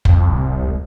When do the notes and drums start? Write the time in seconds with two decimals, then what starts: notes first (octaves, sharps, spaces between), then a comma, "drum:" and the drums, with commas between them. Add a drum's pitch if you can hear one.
0.05 C2 F2, drum: kick
0.29 D1 C2
0.63 C#2